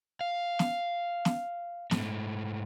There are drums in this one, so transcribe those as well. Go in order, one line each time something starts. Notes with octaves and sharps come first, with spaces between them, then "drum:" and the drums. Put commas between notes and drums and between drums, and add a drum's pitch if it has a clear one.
F5
drum: snare
drum: snare
G#2 A3, drum: snare